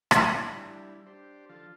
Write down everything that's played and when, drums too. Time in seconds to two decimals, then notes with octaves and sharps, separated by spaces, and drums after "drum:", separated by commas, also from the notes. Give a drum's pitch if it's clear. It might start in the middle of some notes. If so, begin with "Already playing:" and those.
0.11 drum: rim click
0.20 G3 D4 E4
1.07 D4 G4 C5
1.49 D3 F3 F4 A4